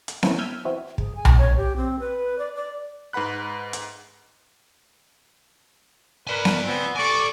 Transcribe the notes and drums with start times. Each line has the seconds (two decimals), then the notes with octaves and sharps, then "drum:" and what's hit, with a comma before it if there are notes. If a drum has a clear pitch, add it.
0.08 drum: hi-hat
0.23 E3 A#3 C4 C#4 E4, drum: snare B3
0.38 E6 F6 G6 G#6 B6 D#7
0.65 E3 C4 F#4
0.98 G#4, drum: kick
1.16 G#5
1.25 drum: tom B1
1.38 C#5
1.57 G4
1.76 C4
2.00 B4
2.39 D5
2.55 D5
3.13 G#2 B4 F#5 B5 F#6
3.73 drum: hi-hat
6.27 A#4 B4 D5 G#5
6.45 drum: snare B3
6.64 B3 C4
6.96 A4 D5 G#5 C#6 D6